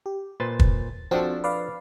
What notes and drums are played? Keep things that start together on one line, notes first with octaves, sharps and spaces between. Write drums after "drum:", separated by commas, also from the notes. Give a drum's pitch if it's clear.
G4
A#2 B4 C5 A6
drum: kick
F3 C4 D4 F#4 A4 A5
B4 D5 F5